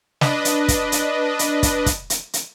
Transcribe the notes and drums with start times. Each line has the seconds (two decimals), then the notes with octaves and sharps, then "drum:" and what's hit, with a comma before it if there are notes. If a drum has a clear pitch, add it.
0.21 D4 B4 D#5, drum: snare
0.45 drum: hi-hat
0.68 drum: kick, hi-hat
0.92 drum: hi-hat
1.39 drum: hi-hat
1.63 drum: kick, hi-hat
1.86 drum: kick, hi-hat
2.10 drum: hi-hat
2.33 drum: hi-hat